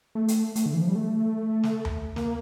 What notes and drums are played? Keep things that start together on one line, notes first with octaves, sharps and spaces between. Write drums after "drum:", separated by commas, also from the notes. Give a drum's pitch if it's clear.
A3
drum: hi-hat
A3, drum: hi-hat
D3
E3
F3
G3
A3
drum: snare
drum: tom D#2
A#3, drum: snare